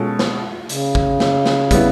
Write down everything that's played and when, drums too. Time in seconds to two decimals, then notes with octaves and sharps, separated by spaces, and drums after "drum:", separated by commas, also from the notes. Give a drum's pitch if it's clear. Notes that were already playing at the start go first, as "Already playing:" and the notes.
Already playing: B2 G#3 C#4 F4 A4
0.19 drum: snare
0.69 C#3, drum: hi-hat
0.95 drum: kick
1.20 drum: snare
1.46 drum: snare
1.71 G3 B3 E4, drum: kick, hi-hat